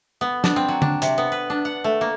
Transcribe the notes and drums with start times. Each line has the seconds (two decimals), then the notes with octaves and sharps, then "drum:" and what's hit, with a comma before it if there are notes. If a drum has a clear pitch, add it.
0.21 B3
0.44 D4, drum: snare
0.56 C4
0.68 F#3
0.82 D4, drum: tom
1.02 C3, drum: hi-hat
1.18 B3
1.32 B4
1.50 D4
1.65 F#5
1.84 A3
2.01 A#3